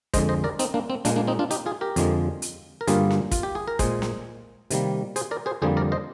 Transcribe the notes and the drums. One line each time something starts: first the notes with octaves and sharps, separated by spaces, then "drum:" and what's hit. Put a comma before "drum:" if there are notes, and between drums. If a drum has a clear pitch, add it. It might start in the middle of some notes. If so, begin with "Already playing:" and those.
F2 D3 G#3 C5 D#5, drum: kick, hi-hat
C5 D#5
A#4 D5
C4 D#4, drum: hi-hat
A#3 D4
C4
A#2 G#3 A#3 D4, drum: hi-hat
A#3 D4
C4 D#4
D4 F4
D#4 G4, drum: hi-hat
F4 G#4
G4 A#4
F2 D3 F3 G#3, drum: hi-hat
drum: hi-hat
A#4
G2 D3 G3 A#3 F4 G#4, drum: hi-hat
drum: snare
F4, drum: kick, hi-hat
G4
G#4
A#4
A#2 G#3 G#4 C5, drum: kick, hi-hat
drum: snare
C3 D#3 G3 A#3, drum: hi-hat
G#4 C5, drum: hi-hat
A#4 D5
G#4 C5
F2 D3 G3 A#3 G#4 C5
A#4 D5
C5 D#5